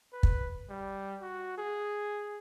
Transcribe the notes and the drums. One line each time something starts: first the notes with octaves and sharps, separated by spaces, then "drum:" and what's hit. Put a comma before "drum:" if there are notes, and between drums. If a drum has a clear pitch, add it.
B4
drum: kick
G3
F#4
G#4